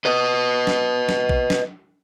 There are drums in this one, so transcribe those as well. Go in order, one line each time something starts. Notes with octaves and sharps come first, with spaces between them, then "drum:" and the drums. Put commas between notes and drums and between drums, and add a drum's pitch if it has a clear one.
B4 D#5
drum: snare
drum: snare
drum: kick A#1
drum: snare